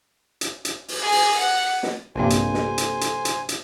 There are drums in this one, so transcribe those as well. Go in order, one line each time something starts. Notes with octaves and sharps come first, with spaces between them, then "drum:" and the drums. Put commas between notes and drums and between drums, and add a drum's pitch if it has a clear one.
drum: hi-hat
drum: hi-hat
drum: open hi-hat
G#4
drum: open hi-hat
F#5
drum: snare
A#1 G2 C3 A#3 C4 A4 C5 G#5
drum: hi-hat
drum: snare
drum: hi-hat
drum: hi-hat
drum: hi-hat
drum: hi-hat